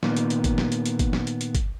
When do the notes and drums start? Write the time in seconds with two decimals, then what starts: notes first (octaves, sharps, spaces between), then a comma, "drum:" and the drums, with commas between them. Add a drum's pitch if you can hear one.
0.03 A#2 D#3 A#3 B3, drum: snare
0.17 drum: hi-hat
0.30 drum: hi-hat
0.44 drum: kick, hi-hat
0.58 drum: snare
0.72 drum: hi-hat
0.86 drum: hi-hat
0.99 drum: kick, hi-hat
1.13 drum: snare
1.27 drum: hi-hat
1.41 drum: hi-hat
1.55 drum: kick, hi-hat